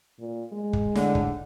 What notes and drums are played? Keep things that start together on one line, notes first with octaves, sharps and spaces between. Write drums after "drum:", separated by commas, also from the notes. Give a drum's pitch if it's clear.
A#2
G#3
drum: kick
A2 D3, drum: snare
drum: kick